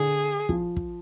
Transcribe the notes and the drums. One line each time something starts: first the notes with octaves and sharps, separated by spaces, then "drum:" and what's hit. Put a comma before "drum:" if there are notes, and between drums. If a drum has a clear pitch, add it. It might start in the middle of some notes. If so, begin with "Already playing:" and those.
Already playing: D3 G#4
F3, drum: kick
drum: kick